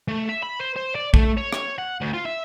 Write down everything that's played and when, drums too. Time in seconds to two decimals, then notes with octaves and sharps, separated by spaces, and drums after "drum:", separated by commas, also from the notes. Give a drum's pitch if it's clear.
0.08 A3
0.29 E5
0.42 B5
0.59 C5
0.76 C5
0.95 D5
1.14 A3, drum: kick A#1
1.37 C#5
1.53 drum: rim click
1.78 F#5
2.01 D2
2.14 F4
2.25 E5